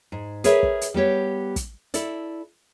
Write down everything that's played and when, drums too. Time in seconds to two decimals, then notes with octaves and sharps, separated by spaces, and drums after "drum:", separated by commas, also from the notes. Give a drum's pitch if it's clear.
0.12 G#2
0.44 G#4 A#4 B4 C#5 E5, drum: hi-hat
0.63 drum: kick
0.81 drum: hi-hat
0.94 G3 B3 G4 C#5
1.56 drum: kick, hi-hat
1.94 E4 A4 D5, drum: hi-hat